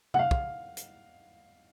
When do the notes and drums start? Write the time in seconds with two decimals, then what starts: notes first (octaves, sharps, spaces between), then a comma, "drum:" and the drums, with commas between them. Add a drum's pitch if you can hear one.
0.14 F#5, drum: tom C3
0.19 F5
0.31 drum: kick
0.77 drum: hi-hat